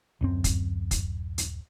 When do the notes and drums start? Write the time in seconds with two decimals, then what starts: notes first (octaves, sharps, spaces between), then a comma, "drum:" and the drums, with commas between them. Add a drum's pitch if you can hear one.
0.21 D1 F#2 C4
0.44 drum: kick, hi-hat
0.91 drum: kick, hi-hat
1.38 drum: hi-hat